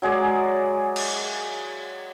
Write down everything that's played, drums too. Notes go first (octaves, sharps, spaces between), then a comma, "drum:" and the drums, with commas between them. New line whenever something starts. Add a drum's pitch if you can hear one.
F#3 G#3 G#4 D5
drum: cymbal